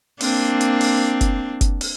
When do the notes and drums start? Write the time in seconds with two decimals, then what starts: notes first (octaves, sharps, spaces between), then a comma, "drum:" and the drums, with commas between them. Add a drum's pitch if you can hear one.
0.21 A#3 C4 D4, drum: open hi-hat
0.61 drum: hi-hat
0.81 drum: open hi-hat
1.21 drum: kick F#1, hi-hat
1.61 drum: kick F#1, hi-hat
1.81 drum: open hi-hat